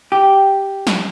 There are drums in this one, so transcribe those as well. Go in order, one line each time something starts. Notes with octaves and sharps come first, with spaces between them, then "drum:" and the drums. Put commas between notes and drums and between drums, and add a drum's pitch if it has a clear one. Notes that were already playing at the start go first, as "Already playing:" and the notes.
G4
drum: snare